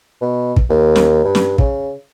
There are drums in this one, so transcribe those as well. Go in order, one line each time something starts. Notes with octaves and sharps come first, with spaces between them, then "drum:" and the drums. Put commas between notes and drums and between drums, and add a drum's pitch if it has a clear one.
B2
drum: kick
D#2
drum: snare
G2
drum: snare
C#3, drum: kick